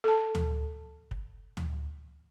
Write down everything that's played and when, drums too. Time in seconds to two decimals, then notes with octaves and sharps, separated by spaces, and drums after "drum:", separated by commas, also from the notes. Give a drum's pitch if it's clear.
0.04 A4 A5
0.35 drum: tom
1.11 drum: kick
1.57 drum: tom